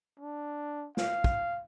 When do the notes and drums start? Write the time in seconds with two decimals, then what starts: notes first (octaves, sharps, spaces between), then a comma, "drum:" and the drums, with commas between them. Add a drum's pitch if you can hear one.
0.19 D4
0.97 F5, drum: snare
1.24 drum: kick